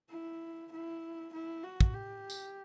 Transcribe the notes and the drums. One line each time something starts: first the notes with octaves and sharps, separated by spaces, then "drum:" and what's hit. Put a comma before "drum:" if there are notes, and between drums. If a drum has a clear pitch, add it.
E4
E4
E4
F#4
drum: kick
G4
drum: tambourine